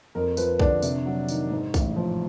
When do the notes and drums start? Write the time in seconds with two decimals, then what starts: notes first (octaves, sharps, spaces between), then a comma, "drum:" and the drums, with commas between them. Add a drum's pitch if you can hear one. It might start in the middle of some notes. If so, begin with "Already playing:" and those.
0.15 F2 A#4
0.37 F3 B4, drum: tambourine
0.59 D3 D4 D5, drum: kick B1
0.82 C3, drum: tambourine
1.06 F#3
1.28 D#3, drum: tambourine
1.51 G#2
1.74 A1, drum: kick B1, tambourine
1.96 F3